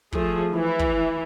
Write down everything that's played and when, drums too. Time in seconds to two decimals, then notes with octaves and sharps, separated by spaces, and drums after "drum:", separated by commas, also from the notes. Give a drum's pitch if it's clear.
0.12 F3 A3 G#4, drum: kick
0.54 E3
0.79 drum: kick